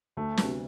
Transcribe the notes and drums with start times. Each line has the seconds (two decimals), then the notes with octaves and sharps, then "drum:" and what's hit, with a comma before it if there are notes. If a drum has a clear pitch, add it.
0.17 D2 A3
0.37 C3 F#3 B3 D4, drum: snare